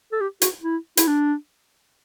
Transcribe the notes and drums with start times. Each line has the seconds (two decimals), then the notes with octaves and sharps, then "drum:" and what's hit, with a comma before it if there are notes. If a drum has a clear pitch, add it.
0.12 A4
0.20 G4
0.42 F#4, drum: hi-hat
0.63 E4
0.97 E4, drum: hi-hat
1.07 D4